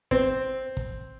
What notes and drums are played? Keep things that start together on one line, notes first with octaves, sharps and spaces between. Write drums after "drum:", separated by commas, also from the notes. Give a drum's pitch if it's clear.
C4, drum: kick
drum: kick